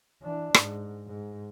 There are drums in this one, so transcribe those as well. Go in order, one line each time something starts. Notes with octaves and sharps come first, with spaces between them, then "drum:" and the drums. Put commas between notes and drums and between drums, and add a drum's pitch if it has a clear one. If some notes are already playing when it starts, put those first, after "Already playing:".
E3 D4
G#2, drum: rim click
G#2